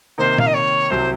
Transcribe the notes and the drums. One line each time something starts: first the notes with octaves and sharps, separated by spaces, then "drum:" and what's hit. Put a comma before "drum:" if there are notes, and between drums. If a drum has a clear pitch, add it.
C3 D#3 A#3 D#4 C5
F5, drum: tom A#2
D#5
C#5
C2 C3 F#3 C5